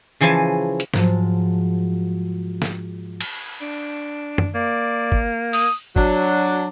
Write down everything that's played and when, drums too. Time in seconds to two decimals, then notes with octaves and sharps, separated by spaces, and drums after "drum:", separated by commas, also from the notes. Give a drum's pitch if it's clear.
0.21 C#3 E3 F3 G#5 A5
0.80 drum: hi-hat
0.94 G#2 F3 F#3 G#3 A5, drum: snare
2.62 drum: snare
3.20 drum: cymbal
3.61 D4
4.38 drum: tom F#2
4.55 A#3 D5
5.12 drum: kick
5.53 D#6, drum: open hi-hat
5.96 F#3 D4, drum: kick